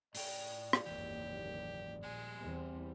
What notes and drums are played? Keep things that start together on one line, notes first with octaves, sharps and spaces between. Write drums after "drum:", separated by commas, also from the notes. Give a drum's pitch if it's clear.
A2 C#3 D5 G5, drum: open hi-hat
drum: rim click
F#1 D#2 G#2 E3 G4
A#1 G3 G#3 G#5
E2 C4